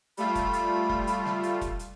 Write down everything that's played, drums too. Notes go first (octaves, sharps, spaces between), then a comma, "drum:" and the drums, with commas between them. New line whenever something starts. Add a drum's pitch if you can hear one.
G3 A3 F4 B5, drum: hi-hat
drum: kick F1, hi-hat
drum: hi-hat
drum: kick F1
drum: hi-hat
drum: snare
drum: hi-hat
drum: kick F1, hi-hat
drum: hi-hat